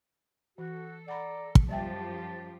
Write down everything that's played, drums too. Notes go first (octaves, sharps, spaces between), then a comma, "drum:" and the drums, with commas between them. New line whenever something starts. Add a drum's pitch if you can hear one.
E3 F#4 A4
D5 F#5 A#5 B5
drum: kick
F#2 F3 G3 G4 E5 G5 A5